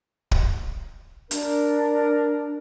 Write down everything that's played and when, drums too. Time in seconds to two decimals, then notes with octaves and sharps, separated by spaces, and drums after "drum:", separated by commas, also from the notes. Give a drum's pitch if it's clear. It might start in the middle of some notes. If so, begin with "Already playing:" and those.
0.31 drum: kick
1.31 D4 A#4, drum: hi-hat